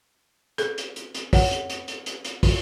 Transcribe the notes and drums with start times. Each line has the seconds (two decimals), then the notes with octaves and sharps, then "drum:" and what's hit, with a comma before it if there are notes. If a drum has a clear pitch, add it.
0.58 G#4 A4, drum: hi-hat
0.78 drum: hi-hat
0.96 drum: hi-hat
1.14 drum: hi-hat
1.33 C#5 F#5, drum: kick, open hi-hat
1.51 drum: hi-hat
1.70 drum: hi-hat
1.88 drum: hi-hat
2.06 drum: hi-hat
2.25 drum: hi-hat
2.43 drum: kick, open hi-hat